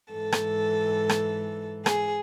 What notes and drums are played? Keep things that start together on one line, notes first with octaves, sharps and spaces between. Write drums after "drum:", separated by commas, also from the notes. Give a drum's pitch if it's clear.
G#2 E3 A4
drum: rim click
drum: rim click
G#4, drum: rim click